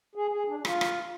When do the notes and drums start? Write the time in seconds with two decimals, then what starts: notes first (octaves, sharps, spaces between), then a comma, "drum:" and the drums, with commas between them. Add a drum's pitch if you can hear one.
0.15 G#4
0.32 G#4
0.48 D4
0.60 D4
0.65 F4, drum: rim click
0.81 drum: rim click